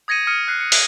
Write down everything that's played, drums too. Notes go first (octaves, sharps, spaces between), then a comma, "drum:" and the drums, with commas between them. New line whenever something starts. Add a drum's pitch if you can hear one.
D#6 G#6 A#6 C#7 D#7
D#6 F6 C#7 D#7
F6 F#6 C7
C#7
drum: open hi-hat